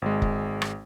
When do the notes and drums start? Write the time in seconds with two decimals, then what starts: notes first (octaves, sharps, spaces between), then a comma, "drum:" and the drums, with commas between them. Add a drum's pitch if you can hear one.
0.02 G#1 G#3
0.22 drum: kick F1
0.62 drum: rim click